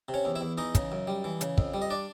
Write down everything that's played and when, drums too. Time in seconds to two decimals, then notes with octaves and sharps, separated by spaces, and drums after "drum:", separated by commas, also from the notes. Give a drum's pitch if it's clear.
0.09 C3
0.14 C#4 C#5
0.25 E2
0.36 E4 E5
0.41 E2
0.58 E3 D#4 D#5
0.75 C#3, drum: kick, hi-hat
0.92 F#2
1.07 G3
1.24 E3
1.41 C#3, drum: hi-hat
1.58 F2, drum: kick
1.74 G3
1.82 D#5
1.90 D4 D5